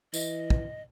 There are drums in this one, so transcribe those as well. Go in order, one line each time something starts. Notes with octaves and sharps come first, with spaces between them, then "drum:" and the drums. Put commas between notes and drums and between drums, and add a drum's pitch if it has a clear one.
E3 D#5, drum: tambourine
drum: kick